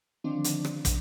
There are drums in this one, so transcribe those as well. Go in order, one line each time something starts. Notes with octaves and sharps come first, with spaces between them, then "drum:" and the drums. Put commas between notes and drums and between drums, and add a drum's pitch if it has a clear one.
D3 D#3 F3 C4 D4
drum: hi-hat
drum: rim click
drum: kick, hi-hat